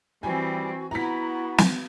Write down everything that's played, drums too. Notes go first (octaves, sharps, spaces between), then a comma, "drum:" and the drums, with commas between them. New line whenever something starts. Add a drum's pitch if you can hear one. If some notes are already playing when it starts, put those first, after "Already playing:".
E3 G3 C4 F#4 G#5
B3 E4 F#4 A#5 B6
drum: snare